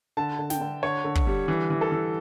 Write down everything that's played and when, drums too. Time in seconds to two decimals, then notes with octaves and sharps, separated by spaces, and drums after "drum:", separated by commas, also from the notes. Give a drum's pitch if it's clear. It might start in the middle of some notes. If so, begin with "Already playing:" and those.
0.17 D3 A5
0.39 D3
0.50 G5, drum: snare
0.61 D3
0.83 D3 C#5
1.04 D3
1.15 drum: kick
1.27 G3
1.48 E3
1.70 E3
1.81 A4
1.92 E3